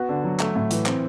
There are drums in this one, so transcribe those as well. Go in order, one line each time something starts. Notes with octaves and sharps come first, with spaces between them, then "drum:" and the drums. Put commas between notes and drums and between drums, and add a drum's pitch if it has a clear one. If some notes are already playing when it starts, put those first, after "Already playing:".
Already playing: B3 F#4
D3
F#3
A3, drum: clap
A2
E3, drum: hi-hat
C4, drum: clap